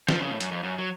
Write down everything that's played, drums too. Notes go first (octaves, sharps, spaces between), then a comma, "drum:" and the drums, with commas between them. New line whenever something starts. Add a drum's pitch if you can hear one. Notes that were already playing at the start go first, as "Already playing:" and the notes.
F3, drum: snare
C#3
A2
F#2, drum: hi-hat
F2
F#2
F#3